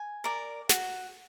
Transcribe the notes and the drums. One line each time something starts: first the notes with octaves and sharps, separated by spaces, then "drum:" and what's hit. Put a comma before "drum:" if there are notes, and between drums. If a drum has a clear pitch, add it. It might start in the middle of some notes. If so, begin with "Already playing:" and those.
Already playing: G#5
A#4 D5
F#4, drum: snare